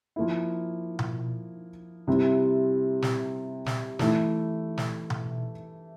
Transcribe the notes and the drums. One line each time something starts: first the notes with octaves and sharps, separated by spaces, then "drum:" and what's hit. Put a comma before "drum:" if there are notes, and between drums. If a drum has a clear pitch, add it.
F3 A#3 E4
drum: tom B2
C3 G3 C4 E4
drum: snare
drum: snare
E3 A3 E4, drum: snare
drum: snare
drum: tom B2